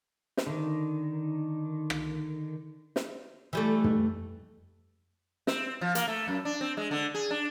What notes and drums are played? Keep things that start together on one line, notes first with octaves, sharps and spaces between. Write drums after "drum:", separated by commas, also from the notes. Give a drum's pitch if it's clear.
drum: snare
D3 D#3
drum: rim click
drum: snare
E3 G3 A3
drum: tom
C4, drum: snare
F3
A#3, drum: hi-hat
A3
F#2
D4
C4
G#3
D3
G#4
D4